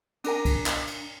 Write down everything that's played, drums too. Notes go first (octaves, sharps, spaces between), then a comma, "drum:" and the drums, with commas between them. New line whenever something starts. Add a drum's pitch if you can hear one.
D4 A#4 G#5, drum: cymbal
drum: kick, cymbal
drum: clap
drum: cymbal